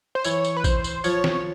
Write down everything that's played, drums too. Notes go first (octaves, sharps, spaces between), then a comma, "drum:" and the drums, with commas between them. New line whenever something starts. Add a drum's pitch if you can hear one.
C5
E3 C#5, drum: tambourine
drum: tambourine
B4
C5, drum: kick, tambourine
drum: tambourine
F3 C#5, drum: tambourine
drum: snare